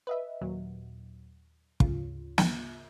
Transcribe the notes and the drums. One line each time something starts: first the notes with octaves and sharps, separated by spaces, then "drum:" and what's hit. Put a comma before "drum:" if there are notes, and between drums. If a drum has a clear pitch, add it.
B4 D#5 E5
D#2 A#2 F#3
D2 G#2 C#3 F4, drum: kick
drum: snare